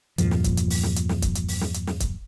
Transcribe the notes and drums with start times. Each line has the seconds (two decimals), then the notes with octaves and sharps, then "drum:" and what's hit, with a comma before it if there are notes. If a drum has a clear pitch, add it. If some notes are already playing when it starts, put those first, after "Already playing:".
0.18 E2 G2 A#2 F3, drum: hi-hat
0.31 drum: snare
0.44 drum: kick C#1, hi-hat
0.57 drum: hi-hat
0.70 drum: open hi-hat
0.83 drum: snare
0.96 drum: hi-hat
1.09 drum: snare
1.22 drum: kick C#1, hi-hat
1.35 drum: hi-hat
1.48 drum: open hi-hat
1.61 drum: snare
1.74 drum: hi-hat
1.87 drum: snare
2.00 drum: kick C#1, hi-hat